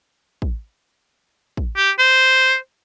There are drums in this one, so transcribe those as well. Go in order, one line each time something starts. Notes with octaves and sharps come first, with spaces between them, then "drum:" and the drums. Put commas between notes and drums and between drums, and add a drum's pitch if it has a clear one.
drum: kick
drum: kick
G4
C5